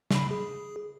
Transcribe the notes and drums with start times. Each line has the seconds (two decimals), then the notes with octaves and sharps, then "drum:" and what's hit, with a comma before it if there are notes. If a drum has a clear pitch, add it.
0.11 C#3 B5, drum: snare
0.31 G#4